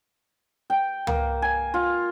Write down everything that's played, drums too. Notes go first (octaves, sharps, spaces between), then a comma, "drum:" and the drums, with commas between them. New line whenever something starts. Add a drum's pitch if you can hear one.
G5
A#3, drum: tom
G#5
F4